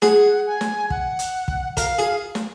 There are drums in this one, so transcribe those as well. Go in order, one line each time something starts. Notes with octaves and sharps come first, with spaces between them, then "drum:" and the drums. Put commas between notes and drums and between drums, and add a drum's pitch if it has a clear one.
G#4 F#5, drum: snare
G#5
drum: snare
F#5, drum: kick
drum: hi-hat
drum: kick
A#4 F5, drum: kick, hi-hat
G#4
drum: snare